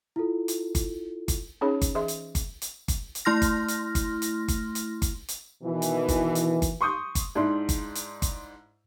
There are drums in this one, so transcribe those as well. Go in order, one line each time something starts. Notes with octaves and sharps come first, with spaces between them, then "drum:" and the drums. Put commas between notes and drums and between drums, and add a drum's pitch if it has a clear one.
E4 F4 A4
drum: hi-hat
drum: kick G1, hi-hat
drum: kick G1, hi-hat
C#4 D#4 G#4 C#5 B5
drum: kick G1, hi-hat
E3 G#4 D#5 E5 C6
drum: hi-hat
drum: kick G1, hi-hat
drum: hi-hat
drum: kick G1, hi-hat
drum: hi-hat
A3 E4 C6 F6 A#6
drum: kick G1, hi-hat
drum: hi-hat
drum: kick G1, hi-hat
drum: hi-hat
drum: kick G1, hi-hat
drum: hi-hat
drum: kick G1, hi-hat
drum: hi-hat
B2 D#3 E3
drum: hi-hat
drum: kick G1, hi-hat
drum: hi-hat
drum: kick G1, hi-hat
C6 C#6 D#6 G6
drum: kick G1, hi-hat
G#2 D4 E4 C6
drum: kick G1, hi-hat
drum: hi-hat
drum: kick G1, hi-hat